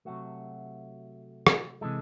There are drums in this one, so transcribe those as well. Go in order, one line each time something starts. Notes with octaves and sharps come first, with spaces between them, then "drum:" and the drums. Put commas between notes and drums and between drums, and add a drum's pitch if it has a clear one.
C3 F#3 A3 F#4
drum: rim click
C3 E3 G#3 A4